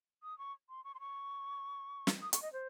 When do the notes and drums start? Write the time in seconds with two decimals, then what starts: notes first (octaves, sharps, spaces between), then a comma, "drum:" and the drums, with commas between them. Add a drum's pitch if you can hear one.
0.23 D#6
0.38 C#6
0.69 C6
0.84 C#6
0.94 C6
1.00 C#6
2.07 drum: snare
2.22 D#6
2.33 C#6, drum: hi-hat
2.42 D#5
2.53 C5